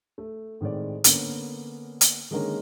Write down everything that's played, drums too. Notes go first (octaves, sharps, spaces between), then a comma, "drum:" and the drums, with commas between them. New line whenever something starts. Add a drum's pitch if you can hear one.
A3
A2 D#3 G#3 C4 D5
D3 A#3 B3 C#4, drum: hi-hat
drum: hi-hat
D3 D#3 G#3 A#3 C#4 A#4